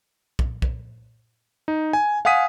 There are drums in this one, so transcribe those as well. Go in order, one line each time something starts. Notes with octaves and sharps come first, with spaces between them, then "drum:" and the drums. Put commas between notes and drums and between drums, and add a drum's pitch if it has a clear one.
drum: kick
drum: kick
D#4
G#5
F5 F#5 G#5 D#6 B6 D#7